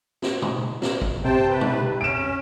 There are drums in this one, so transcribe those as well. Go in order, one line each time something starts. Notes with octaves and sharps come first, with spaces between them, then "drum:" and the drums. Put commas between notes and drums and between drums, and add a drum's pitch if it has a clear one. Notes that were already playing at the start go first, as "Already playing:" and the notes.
drum: snare
drum: tom B2
drum: snare
drum: kick
C3 C5 G5 A5
B4
drum: tom B2
C#4 D7 E7